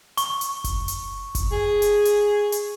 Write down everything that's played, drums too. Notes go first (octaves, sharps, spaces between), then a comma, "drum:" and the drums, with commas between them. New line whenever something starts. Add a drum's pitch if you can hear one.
C#6, drum: hi-hat
drum: hi-hat
drum: kick F#1, hi-hat
drum: hi-hat
drum: kick F#1, hi-hat
G#4
drum: hi-hat
drum: hi-hat
drum: hi-hat